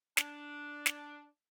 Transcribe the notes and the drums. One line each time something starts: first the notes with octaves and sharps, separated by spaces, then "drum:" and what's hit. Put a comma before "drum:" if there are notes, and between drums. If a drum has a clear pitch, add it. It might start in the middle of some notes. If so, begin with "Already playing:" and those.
D4, drum: snare
drum: snare